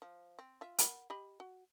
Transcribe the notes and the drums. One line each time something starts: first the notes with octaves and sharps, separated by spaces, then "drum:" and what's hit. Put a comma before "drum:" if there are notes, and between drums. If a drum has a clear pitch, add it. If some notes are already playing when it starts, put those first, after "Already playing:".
F3
C4
F4 E5
A#4 F#5 B5, drum: hi-hat
G4 D#5 B5
F#4